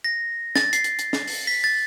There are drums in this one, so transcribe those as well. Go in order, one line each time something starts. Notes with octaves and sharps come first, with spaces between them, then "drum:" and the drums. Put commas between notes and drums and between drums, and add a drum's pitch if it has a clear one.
A#6
A6, drum: snare
C7, drum: hi-hat
drum: hi-hat
drum: hi-hat
drum: snare
drum: open hi-hat
B6
A6